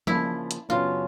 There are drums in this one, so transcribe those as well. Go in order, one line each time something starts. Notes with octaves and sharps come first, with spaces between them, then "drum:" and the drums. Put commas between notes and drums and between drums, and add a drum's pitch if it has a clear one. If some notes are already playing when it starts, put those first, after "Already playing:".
C#3 F3 A#3 D4 E4, drum: tom F3
drum: hi-hat
F#2 C#3 F#3 B3 D4 F4